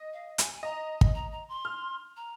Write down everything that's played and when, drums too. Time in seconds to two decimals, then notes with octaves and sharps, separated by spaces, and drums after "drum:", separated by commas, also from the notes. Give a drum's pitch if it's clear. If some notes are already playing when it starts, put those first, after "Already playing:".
Already playing: D#5
0.13 F5
0.38 G#5, drum: hi-hat
0.55 G#5
0.63 D#5 A#5
1.01 drum: kick
1.15 A#5
1.32 A#5
1.49 C6
1.65 F6
2.16 A#5